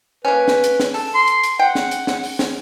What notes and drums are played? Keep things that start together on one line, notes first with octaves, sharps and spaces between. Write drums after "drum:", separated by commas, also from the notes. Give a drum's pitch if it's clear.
A#3 C#4 B4
drum: snare
drum: hi-hat
drum: snare
A4, drum: open hi-hat
C6
drum: hi-hat
drum: hi-hat
F#5 G5
drum: snare
drum: hi-hat
drum: snare
drum: open hi-hat
drum: snare